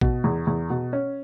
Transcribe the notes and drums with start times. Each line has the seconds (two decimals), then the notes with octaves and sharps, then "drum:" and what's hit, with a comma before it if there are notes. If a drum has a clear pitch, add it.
0.01 B2, drum: kick A1
0.24 E2
0.47 E2
0.70 B2
0.93 C#4